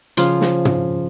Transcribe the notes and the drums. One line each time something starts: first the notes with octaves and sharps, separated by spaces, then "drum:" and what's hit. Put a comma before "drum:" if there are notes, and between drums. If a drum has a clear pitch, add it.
C#3 F3 F4 C6 F6, drum: hi-hat
drum: snare
drum: tom